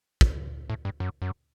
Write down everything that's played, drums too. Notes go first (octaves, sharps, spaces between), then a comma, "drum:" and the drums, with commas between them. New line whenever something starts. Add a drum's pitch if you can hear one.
drum: kick
A2
G2
F#2
F#2